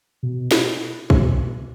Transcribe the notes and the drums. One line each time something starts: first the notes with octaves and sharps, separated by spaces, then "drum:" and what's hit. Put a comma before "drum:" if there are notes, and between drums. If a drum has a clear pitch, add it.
B2
drum: snare
B2, drum: kick